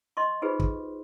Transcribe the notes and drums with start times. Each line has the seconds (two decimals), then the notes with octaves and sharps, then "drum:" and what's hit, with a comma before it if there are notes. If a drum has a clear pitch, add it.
0.17 D#5 C6 C#6
0.42 D#4 F4 G4 G#4 B4 C5
0.60 drum: kick